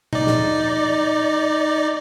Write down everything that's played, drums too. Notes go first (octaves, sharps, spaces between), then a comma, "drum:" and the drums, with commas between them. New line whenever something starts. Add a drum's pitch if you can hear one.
D#4 D5, drum: tom A#2
drum: snare